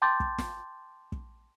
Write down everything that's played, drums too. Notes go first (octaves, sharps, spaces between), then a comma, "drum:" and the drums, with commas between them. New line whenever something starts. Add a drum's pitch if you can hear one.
G5 A5 C6 D6 G6 A6
drum: kick
drum: snare
drum: kick